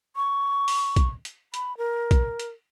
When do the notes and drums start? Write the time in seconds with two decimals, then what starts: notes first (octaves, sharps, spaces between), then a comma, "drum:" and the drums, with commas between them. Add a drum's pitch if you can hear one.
0.16 C#6
0.68 drum: open hi-hat
0.96 drum: kick, hi-hat
1.25 drum: hi-hat
1.54 B5, drum: hi-hat
1.78 A#4
2.11 drum: kick, hi-hat
2.40 drum: hi-hat